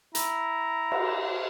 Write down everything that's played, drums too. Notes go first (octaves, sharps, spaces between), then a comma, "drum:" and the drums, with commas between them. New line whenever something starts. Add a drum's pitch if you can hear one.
E4 A#5, drum: hi-hat
drum: cymbal